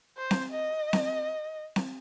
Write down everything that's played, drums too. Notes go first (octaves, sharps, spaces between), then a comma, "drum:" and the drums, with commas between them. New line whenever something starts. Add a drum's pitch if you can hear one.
C5
drum: snare C4
D#5
drum: snare C4
drum: snare C4